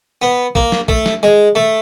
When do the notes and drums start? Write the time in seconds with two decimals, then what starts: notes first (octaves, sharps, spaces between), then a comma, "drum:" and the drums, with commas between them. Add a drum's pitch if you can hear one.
0.22 B3
0.55 A#3, drum: kick
0.72 drum: snare
0.88 A3, drum: kick
1.06 drum: snare
1.23 G#3
1.55 A3